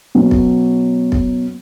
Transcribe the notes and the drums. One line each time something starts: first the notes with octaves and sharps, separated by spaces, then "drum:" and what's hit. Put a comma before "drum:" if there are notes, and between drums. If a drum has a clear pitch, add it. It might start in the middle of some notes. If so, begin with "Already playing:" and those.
B2 F#3 C#4
drum: kick B1
drum: kick B1